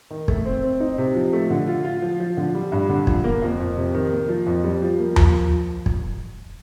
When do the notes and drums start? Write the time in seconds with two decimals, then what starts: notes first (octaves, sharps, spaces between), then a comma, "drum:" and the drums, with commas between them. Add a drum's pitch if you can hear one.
0.10 D#3
0.28 A3, drum: kick
0.45 C4
0.63 C4
0.80 D#4
0.98 C3
1.15 F3
1.33 A3
1.50 D3
1.68 F4
1.85 F4
2.02 F3
2.20 F3
2.37 D3
2.55 G3
2.72 G2
2.89 D3
3.07 F3, drum: kick
3.24 A#3
3.42 F2
3.60 F2
3.77 C3
3.94 D#3
4.12 A#3
4.29 F3
4.47 F2
4.64 G3
4.82 F3
4.99 A#3
5.16 F3, drum: tom D#2
5.86 drum: kick